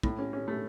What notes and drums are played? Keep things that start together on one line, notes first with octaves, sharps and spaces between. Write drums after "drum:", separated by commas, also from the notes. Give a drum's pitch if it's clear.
A2, drum: kick
C#4
C#4
A3